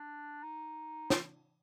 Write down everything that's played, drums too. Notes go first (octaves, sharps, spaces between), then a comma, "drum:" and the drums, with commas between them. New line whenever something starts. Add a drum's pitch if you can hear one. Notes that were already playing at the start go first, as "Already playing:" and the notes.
Already playing: D4
D#4
F4, drum: snare